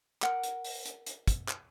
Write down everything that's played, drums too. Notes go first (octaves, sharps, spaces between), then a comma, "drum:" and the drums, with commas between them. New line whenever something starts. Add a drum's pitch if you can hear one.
A#4 F#5, drum: clap
drum: hi-hat
drum: open hi-hat
drum: hi-hat
drum: hi-hat
drum: kick, hi-hat
drum: clap